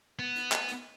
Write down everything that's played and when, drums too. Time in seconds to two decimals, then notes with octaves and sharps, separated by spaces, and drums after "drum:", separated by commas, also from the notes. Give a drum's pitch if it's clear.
0.19 B3
0.35 drum: hi-hat
0.52 drum: clap
0.68 drum: hi-hat